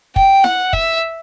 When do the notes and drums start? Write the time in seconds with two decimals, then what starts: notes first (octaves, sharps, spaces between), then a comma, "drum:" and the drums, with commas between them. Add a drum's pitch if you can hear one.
0.16 G5, drum: kick
0.44 F#5, drum: snare E4
0.73 E5, drum: kick